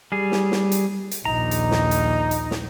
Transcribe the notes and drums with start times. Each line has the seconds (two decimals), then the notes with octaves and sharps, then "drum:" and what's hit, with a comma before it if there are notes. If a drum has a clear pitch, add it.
0.12 G3 G#4
0.32 drum: snare
0.52 drum: snare
0.72 drum: hi-hat
1.11 drum: hi-hat
1.25 A#1 D#2 D#4 A#5
1.51 drum: hi-hat
1.71 drum: snare
1.91 drum: hi-hat
2.31 drum: hi-hat
2.51 drum: snare